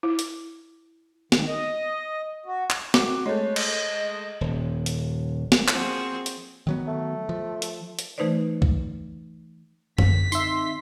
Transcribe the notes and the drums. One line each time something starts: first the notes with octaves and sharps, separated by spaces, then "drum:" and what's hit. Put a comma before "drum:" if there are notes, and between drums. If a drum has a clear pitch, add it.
E4
drum: hi-hat
D#3, drum: snare
D#5
F#4
drum: clap
C4 F#4 D6, drum: snare
G#3 A3 C#5
D#5, drum: cymbal
D#1
drum: hi-hat
drum: snare
F3 A#3 C4 F#4 G#4, drum: clap
drum: hi-hat
D#3 F#3 B3
A3
F3
drum: hi-hat
drum: hi-hat
E3 A3 D#4 B4 C5 D5
drum: kick C2
D3 C4 B6, drum: tom F#2
D#4 E5 C6, drum: tambourine